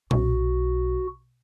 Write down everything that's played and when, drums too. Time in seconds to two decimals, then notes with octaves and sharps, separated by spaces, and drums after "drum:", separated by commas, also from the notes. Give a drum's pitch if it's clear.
0.11 B1 F#4, drum: tom A#2